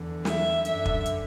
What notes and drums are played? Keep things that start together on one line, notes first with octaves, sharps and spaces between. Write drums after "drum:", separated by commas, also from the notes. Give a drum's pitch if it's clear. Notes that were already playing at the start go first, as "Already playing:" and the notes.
Already playing: E2 D3
E5, drum: snare
F#2 D3 E5, drum: hi-hat
drum: kick
drum: hi-hat